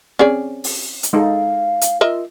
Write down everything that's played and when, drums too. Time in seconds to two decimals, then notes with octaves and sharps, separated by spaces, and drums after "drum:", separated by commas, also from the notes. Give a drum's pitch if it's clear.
0.19 C4 C#4 G#4 D5
0.64 drum: open hi-hat
1.03 drum: hi-hat
1.13 G#3 D#4 A4 F5
1.81 drum: hi-hat
2.01 F4 A#4 D#5 E5